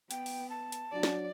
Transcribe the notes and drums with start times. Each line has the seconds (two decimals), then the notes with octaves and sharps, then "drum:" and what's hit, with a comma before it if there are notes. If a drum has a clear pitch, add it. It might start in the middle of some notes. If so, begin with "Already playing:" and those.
0.11 B3 G5, drum: hi-hat
0.26 drum: open hi-hat
0.50 A5
0.72 drum: hi-hat
0.93 F#3 D4 F#4 D5
1.03 drum: snare